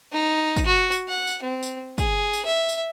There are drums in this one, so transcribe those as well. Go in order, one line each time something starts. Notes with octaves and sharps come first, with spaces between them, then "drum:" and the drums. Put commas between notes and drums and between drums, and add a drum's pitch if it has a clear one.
D#4
drum: kick, tambourine
F#4
drum: tambourine
F#5
drum: tambourine
C4
drum: tambourine
G#4, drum: kick, tambourine
drum: tambourine
E5
drum: tambourine